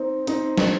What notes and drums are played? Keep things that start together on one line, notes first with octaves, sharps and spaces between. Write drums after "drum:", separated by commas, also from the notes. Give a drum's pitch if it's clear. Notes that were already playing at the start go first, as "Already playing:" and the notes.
Already playing: C4 D#4
C4 D#4, drum: hi-hat
drum: snare